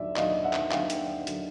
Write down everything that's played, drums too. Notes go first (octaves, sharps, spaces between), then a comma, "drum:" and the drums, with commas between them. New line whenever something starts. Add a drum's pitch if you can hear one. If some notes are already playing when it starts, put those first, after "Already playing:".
Already playing: D#2 D3 F#3 D5 E5
D#2 D3 F#3 D#5 F5, drum: clap
E5 F#5
drum: clap
D#2 D3 F#3 F5 G5, drum: clap
drum: hi-hat
D3 F#3, drum: hi-hat